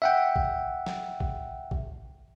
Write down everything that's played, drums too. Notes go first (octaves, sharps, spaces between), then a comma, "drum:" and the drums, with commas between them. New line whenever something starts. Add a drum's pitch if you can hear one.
E5 F#5 G5
drum: kick A1
drum: snare
drum: kick A1
drum: kick A1